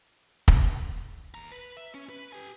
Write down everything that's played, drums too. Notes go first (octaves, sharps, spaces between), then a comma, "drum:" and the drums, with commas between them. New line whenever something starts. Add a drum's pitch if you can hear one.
drum: kick
D#2 A#5
B4
E5
C#4
B4
G4 G#5